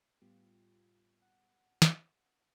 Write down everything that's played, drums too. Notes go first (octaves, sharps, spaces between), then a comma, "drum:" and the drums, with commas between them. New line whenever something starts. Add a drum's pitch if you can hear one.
A2 G3 B3 F4 G4
F#5
drum: snare